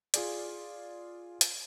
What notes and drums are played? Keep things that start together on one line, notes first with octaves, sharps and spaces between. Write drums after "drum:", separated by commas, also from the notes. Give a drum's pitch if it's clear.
F4 G#4 D5, drum: hi-hat
drum: hi-hat